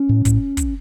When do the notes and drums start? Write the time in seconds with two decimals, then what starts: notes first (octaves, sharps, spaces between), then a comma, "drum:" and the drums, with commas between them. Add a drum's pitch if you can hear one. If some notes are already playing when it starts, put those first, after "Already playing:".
Already playing: C#4
0.09 A2
0.25 A2, drum: kick, hi-hat
0.57 drum: kick, hi-hat